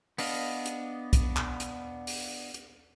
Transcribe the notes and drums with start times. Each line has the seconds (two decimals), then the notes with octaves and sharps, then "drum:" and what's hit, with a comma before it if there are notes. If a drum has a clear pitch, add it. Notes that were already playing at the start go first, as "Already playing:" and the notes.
0.18 B3 D4 D#5 F5, drum: open hi-hat
0.66 drum: hi-hat
1.13 drum: kick B1, hi-hat
1.36 drum: clap
1.60 drum: hi-hat
2.07 drum: open hi-hat
2.54 drum: hi-hat